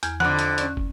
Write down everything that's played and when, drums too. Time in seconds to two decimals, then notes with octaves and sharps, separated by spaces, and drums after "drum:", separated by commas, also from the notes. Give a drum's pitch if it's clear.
0.03 E2 F6 G#6, drum: hi-hat
0.20 F2 D3 F#5 F#6, drum: snare
0.39 drum: hi-hat
0.58 C#4 D5, drum: hi-hat
0.77 drum: kick